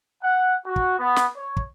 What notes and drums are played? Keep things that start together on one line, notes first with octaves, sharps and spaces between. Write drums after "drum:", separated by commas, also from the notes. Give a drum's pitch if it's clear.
F#5
F#4
drum: kick
B3
drum: snare
C#5
drum: kick